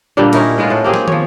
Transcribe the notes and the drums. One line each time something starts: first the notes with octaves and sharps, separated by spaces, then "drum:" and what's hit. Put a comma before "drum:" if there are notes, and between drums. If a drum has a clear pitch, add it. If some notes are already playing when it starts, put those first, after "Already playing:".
A#2 D3 G3 A#3
C#4 D#4 E4 A#4, drum: cymbal
A2 G#3 B3 F4
A2 A4
A#3 C4 G4 G#4
drum: snare
F3 C#5, drum: tom